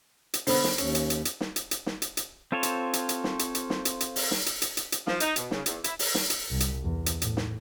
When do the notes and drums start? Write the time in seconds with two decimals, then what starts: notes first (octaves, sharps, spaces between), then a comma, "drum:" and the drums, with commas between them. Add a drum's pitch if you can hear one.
0.34 drum: hi-hat
0.47 D3 B3 C5, drum: open hi-hat
0.64 drum: snare
0.78 D#2 C#4, drum: hi-hat
0.95 drum: hi-hat
1.10 drum: hi-hat
1.25 drum: hi-hat
1.41 drum: snare
1.56 drum: hi-hat
1.71 drum: hi-hat
1.86 drum: snare
2.02 drum: hi-hat
2.17 drum: hi-hat
2.52 C4 F4 A4 C5 C#5
2.63 drum: hi-hat
2.93 drum: hi-hat
3.09 drum: hi-hat
3.24 drum: snare
3.39 drum: hi-hat
3.55 drum: hi-hat
3.70 drum: snare
3.85 drum: hi-hat
4.00 drum: hi-hat
4.16 drum: open hi-hat
4.31 drum: snare
4.46 drum: hi-hat
4.62 drum: hi-hat
4.77 drum: hi-hat
4.92 drum: hi-hat
5.07 F3, drum: snare
5.20 D#4, drum: hi-hat
5.36 B2, drum: hi-hat
5.51 C#3, drum: snare
5.66 E2, drum: hi-hat
5.84 E4, drum: hi-hat
5.99 drum: open hi-hat
6.15 drum: snare
6.30 drum: hi-hat
6.50 C2
6.60 drum: hi-hat
6.83 E2
7.06 drum: hi-hat
7.22 A2, drum: hi-hat
7.37 drum: snare